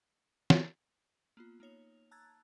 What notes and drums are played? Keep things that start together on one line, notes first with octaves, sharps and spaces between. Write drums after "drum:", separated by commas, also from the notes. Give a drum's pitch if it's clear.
drum: snare
A#3 B3 F4
A#3 D#4 C#5 F7
A5 A#5 E6 F#6 G#6 A6